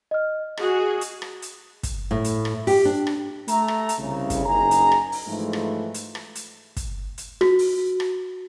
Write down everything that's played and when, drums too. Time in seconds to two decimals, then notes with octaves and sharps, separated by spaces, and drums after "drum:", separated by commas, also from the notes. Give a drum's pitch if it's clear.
0.11 D#5 F6
0.57 F#4 G#4, drum: rim click
1.01 drum: hi-hat
1.22 drum: rim click
1.42 drum: hi-hat
1.83 drum: kick, hi-hat
2.11 A2
2.24 drum: hi-hat
2.45 drum: rim click
2.67 G4, drum: open hi-hat
2.85 D4
3.07 drum: rim click
3.48 A3 A#5, drum: hi-hat
3.68 drum: rim click
3.89 drum: hi-hat
3.99 C2 C#3
4.30 drum: kick, hi-hat
4.45 F#1 D#4 G#4 A#5
4.71 drum: hi-hat
4.92 drum: rim click
5.12 drum: open hi-hat
5.27 G#2 E3 F3 G#3 A3
5.53 drum: rim click
5.94 drum: hi-hat
6.15 drum: rim click
6.35 drum: hi-hat
6.76 drum: kick, hi-hat
7.18 drum: hi-hat
7.41 F#4, drum: rim click
7.59 drum: open hi-hat
8.00 drum: rim click